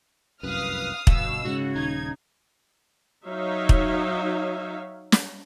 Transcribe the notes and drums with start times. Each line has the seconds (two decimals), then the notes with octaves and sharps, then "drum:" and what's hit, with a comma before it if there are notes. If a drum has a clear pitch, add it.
0.43 F1 C2 F#2 B4 F5 D#6 F6
1.07 G1 B2 F5 E6, drum: kick
1.44 G#2 C#3 G#3 F#4
1.75 D#1 D#4 G#6
3.27 F#3 D#4 C#5 E5 F5
3.69 drum: kick
5.12 drum: snare